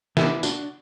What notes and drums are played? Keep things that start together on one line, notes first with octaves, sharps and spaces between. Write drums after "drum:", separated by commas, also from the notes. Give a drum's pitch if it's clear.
E3 B3 E4 G4, drum: snare
D4 F#4, drum: tambourine